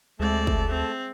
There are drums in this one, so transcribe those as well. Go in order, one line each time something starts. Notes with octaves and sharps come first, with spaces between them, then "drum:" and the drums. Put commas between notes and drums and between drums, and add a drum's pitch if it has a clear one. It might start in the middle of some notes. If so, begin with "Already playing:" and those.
D2 G#3 A3 C4 D5 E5 F5 A5
drum: kick
C4